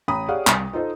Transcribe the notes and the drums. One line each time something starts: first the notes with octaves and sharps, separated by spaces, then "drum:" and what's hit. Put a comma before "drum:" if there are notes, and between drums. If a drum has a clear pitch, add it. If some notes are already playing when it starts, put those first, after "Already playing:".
A1 A#5 B5 D#6
G4 G#4 C#5 D5 F5 F#5
C2, drum: clap
D#4 F4 A4 C5 D#5